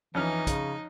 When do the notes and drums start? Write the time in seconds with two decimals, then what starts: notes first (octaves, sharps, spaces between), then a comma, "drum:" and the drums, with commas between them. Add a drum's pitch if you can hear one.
0.15 F2 E3 C#4 D#4 F6
0.47 C#3, drum: kick, hi-hat